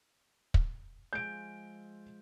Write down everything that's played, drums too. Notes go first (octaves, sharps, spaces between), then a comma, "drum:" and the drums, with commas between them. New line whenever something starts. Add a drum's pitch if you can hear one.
drum: kick
F3 G#3 G6 D7